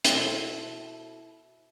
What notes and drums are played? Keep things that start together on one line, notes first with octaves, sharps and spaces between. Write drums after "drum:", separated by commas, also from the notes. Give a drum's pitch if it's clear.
B2 E4 A4 C5, drum: hi-hat